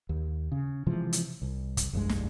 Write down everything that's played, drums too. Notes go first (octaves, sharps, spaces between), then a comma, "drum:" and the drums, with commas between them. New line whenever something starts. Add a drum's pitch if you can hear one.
D#2
C#3
C3 E3 F3 G#3
drum: hi-hat
C2
drum: kick, hi-hat
F1 C2 G2 G#3
drum: snare